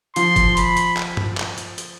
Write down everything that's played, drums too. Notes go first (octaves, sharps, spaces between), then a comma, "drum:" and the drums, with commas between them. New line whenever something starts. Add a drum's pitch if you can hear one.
F3 C6, drum: hi-hat
drum: kick, hi-hat
B5, drum: hi-hat
drum: hi-hat
drum: clap
drum: tom G2
drum: clap
drum: hi-hat
drum: hi-hat